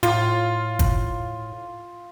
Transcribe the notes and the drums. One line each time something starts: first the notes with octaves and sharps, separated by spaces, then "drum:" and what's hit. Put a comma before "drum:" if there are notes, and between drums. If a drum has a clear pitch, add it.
A2 F4, drum: hi-hat
drum: kick, hi-hat